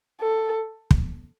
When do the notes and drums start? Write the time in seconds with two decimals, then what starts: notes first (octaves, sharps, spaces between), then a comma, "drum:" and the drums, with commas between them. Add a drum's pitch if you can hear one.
0.21 A4
0.91 drum: kick